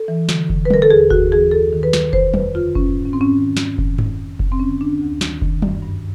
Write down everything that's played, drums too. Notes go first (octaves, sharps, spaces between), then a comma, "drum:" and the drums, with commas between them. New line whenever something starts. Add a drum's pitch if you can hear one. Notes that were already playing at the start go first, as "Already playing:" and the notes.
Already playing: A4
E3
D3, drum: snare
D3, drum: kick F1
B4
D3 A#4, drum: tom
A4
D#2 G#4
D#2 F#4, drum: kick F1
E3 G#4
F#2 A4
D#3
B4
D#3, drum: snare
F2 C5, drum: kick F1
F2 B4, drum: tom
D3 F4
G#2 C#4, drum: kick F1
G#2
C#4
G#2 C4
C#4
D#3
G#2, drum: snare
D#3, drum: kick F1
F2, drum: tom G2
F2
F2, drum: kick F1
C4
D3 C#4
D3 D4
D2
D#3, drum: snare
D#3, drum: kick F1
F#2, drum: tom
G2